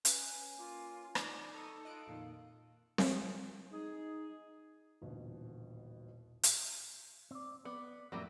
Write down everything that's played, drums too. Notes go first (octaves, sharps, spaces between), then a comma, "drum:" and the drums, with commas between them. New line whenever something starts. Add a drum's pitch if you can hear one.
C#4 B4 G#5, drum: hi-hat
A#3 F4
D4 D#4, drum: rim click
A4 A#5 C#6 D#6
F4 D#5 F#6 D7
F2 A#2 D#3 F5
drum: snare C4
D#4 G#4
D#1 A1 B2 D3
drum: hi-hat
C4 D5
B3 D5
F2 A2 F#3 G3 A#3 E5